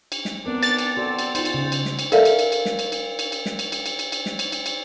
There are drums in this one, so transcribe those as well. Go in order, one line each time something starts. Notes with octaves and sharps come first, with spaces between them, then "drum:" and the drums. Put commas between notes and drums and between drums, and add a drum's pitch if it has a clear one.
drum: cymbal
drum: snare
B3 C4 D4 A#4
A6, drum: cymbal
drum: cymbal
C4 F#4 A4 D5
drum: cymbal
D#4 F4 C5, drum: cymbal
drum: cymbal
C#3
drum: cymbal
drum: snare
drum: cymbal
A4 A#4 D5 E5 F5, drum: cymbal
drum: cymbal
drum: cymbal
drum: cymbal
drum: snare
drum: cymbal
drum: cymbal
drum: cymbal
drum: cymbal
drum: snare
drum: cymbal
drum: cymbal
drum: cymbal
drum: cymbal
drum: cymbal
drum: snare
drum: cymbal
drum: cymbal
drum: cymbal